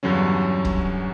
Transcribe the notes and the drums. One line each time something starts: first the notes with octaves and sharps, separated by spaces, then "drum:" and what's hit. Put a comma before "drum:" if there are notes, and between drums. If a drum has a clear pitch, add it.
E2 G2 D3 F#3 C#4
drum: kick